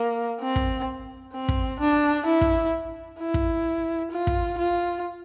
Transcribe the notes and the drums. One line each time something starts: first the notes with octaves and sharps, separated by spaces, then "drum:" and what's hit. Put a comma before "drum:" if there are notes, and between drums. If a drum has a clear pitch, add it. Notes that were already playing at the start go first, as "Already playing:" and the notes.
Already playing: A#3
C4
drum: kick
C4
drum: kick
D4
E4
drum: kick
E4
drum: kick
F4
drum: kick
F4